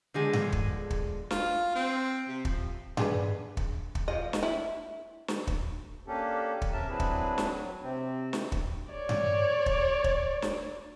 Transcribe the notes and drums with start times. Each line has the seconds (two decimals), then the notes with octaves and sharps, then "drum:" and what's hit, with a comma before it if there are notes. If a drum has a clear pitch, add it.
0.14 D3 F3 G#3 B3 G#4
0.33 drum: tom G2
0.52 drum: kick
0.90 drum: kick
1.31 F4, drum: snare
1.75 C4
2.28 C3
2.45 F3, drum: kick
2.97 D4 G#4 B4, drum: tom G2
3.57 drum: kick
3.95 drum: kick
4.08 F3 D#5
4.33 drum: snare
4.43 E4
5.28 drum: snare
5.47 drum: kick
6.07 A#3 C#4 D4 G4 A4
6.62 drum: kick
6.73 C3 C#4 A#4 E5 A5
6.88 F#3 C4 D4 E4 G#4 B4
7.00 drum: kick
7.38 drum: snare
7.47 F#3
7.82 C3 C4
8.33 drum: snare
8.52 drum: kick
8.91 C#5 D5
9.09 drum: tom G2
9.66 drum: kick
10.04 drum: kick
10.42 drum: snare